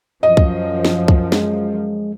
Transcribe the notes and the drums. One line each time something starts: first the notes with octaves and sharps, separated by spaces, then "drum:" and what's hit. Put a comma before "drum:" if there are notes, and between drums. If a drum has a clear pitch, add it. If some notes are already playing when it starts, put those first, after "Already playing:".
F#2 F3 D#5
drum: kick
drum: snare
drum: kick
G#3, drum: snare